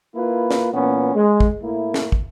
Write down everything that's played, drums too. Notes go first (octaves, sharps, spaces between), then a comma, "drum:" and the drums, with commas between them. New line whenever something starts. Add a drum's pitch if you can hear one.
A#3 E4 F4 B4
drum: snare
A#2 E3 B3 C#4
G#3
drum: kick
A2 A#3 E4
drum: snare
drum: kick